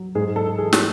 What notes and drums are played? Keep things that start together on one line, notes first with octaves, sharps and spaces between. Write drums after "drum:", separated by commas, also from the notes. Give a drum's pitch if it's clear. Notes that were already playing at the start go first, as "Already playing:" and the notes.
Already playing: F#3
G#2 G#4
A4
E3 G#4
drum: snare